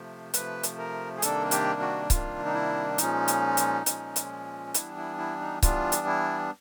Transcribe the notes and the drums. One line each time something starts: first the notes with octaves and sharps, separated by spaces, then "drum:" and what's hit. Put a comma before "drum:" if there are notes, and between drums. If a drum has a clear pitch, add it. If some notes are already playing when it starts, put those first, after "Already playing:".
Already playing: C3 F3 A3
C3 F3 A3 B4, drum: hi-hat
drum: hi-hat
A#4
G#4
C3 D#3 G3 A#3 D4 A4, drum: hi-hat
G4, drum: hi-hat
F#4
C3 D#3 G3 A#3 D4 F4, drum: kick C#1, hi-hat
D#4
E4
A#2 F3 G#3 C#4 D#4, drum: hi-hat
drum: hi-hat
drum: hi-hat
A#2 F3 G#3 C#4, drum: hi-hat
drum: hi-hat
E3 G3 B3 D4 E4, drum: hi-hat
E4
E4
D#4
E3 G3 B3 D4 F4, drum: kick C#1, hi-hat
drum: hi-hat
E4